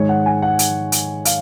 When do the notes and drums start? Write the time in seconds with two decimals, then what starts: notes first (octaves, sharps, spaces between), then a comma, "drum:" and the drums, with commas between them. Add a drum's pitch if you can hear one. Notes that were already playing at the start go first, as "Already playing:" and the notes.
Already playing: G#2 D#3 G#3 D#4 C#5
0.09 F#5
0.26 G#5
0.42 F#5
0.59 drum: hi-hat
0.92 drum: hi-hat
1.25 F5, drum: hi-hat